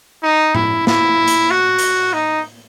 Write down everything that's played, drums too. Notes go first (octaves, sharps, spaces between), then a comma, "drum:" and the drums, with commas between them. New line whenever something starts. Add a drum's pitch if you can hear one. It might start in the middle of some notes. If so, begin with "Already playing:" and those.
D#4
E4, drum: tom A2
E4, drum: snare
drum: hi-hat
F#4
drum: hi-hat
D#4